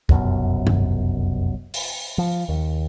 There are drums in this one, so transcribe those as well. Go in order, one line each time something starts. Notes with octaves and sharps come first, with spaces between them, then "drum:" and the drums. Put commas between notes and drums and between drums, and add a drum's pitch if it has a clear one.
F1 C2 F#2 B2, drum: kick
drum: tom G2
drum: open hi-hat
F3
D#2